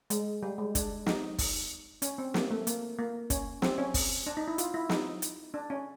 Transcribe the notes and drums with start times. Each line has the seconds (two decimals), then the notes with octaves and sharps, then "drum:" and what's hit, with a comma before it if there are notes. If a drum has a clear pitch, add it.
0.10 G#3, drum: hi-hat
0.43 G3
0.58 G#3
0.75 D4, drum: kick, hi-hat
1.06 D#4, drum: snare
1.38 drum: kick, open hi-hat
2.02 C#4, drum: hi-hat
2.18 C4
2.34 A#3, drum: snare
2.50 A3
2.67 A#3, drum: hi-hat
2.99 A#3
3.30 C#4, drum: kick, hi-hat
3.62 C4, drum: snare
3.78 C#4
3.94 drum: kick, open hi-hat
4.27 D4
4.37 D#4
4.48 E4
4.58 F4, drum: hi-hat
4.74 E4
4.89 D#4, drum: snare
5.22 drum: hi-hat
5.54 D4
5.70 C#4